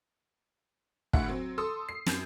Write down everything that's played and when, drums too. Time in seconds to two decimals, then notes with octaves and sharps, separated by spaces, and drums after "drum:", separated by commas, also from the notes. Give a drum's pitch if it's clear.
1.13 D2 A2 E5 F#5, drum: kick
1.28 F#3 C4
1.58 A4 C6 D#6 E6
1.89 C7
2.06 F#2 G6, drum: snare